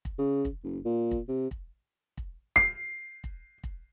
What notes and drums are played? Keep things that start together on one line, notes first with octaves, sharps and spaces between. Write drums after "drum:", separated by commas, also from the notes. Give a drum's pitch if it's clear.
drum: kick
C#3
drum: kick
F#1
A#2
drum: kick
C3
drum: kick
drum: kick
C7, drum: kick
drum: kick
drum: kick